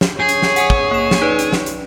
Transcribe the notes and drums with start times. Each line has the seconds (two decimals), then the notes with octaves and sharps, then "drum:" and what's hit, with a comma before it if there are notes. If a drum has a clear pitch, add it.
0.01 drum: snare
0.20 G#4 C#5 G6
0.29 drum: hi-hat
0.42 drum: snare
0.56 F#5 G#5 D#6, drum: hi-hat
0.70 drum: kick
0.91 A#3 E7
1.11 drum: snare
1.21 D#4 B4 D5
1.39 drum: hi-hat
1.53 drum: snare
1.66 drum: hi-hat